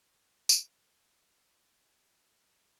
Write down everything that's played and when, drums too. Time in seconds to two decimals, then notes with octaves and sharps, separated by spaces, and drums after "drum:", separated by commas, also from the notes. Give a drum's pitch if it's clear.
0.10 C#6
0.49 F#2, drum: tambourine
1.83 G#4
2.45 F#3